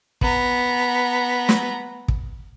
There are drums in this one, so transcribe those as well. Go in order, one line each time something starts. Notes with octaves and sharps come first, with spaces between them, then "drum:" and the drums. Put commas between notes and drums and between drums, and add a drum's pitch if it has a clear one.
B3 A#5, drum: kick
drum: snare
drum: kick